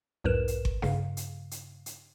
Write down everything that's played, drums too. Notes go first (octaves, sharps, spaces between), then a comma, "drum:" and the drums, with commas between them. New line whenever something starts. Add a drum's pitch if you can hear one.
B1 E2 G#2 A#4 B4 E7
drum: hi-hat
drum: kick G1
G2 C#3 F5, drum: snare D4
drum: hi-hat
drum: hi-hat
drum: hi-hat